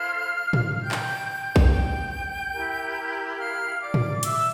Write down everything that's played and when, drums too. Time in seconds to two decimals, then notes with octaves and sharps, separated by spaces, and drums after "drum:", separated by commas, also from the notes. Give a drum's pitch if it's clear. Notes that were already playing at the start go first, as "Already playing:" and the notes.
Already playing: E4 A4 C5 F5 F6
0.53 drum: tom
0.82 G5 G6
0.91 drum: clap
1.56 drum: kick
1.68 G5 G6
2.53 E4 G4 A#4
3.38 F5 F6
3.80 D5 D6
3.94 drum: tom
4.23 E5 E6, drum: hi-hat